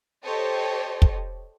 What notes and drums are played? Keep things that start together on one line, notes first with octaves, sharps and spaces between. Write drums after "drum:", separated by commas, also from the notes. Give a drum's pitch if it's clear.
G4 A4 C5 C#5 D#5
drum: kick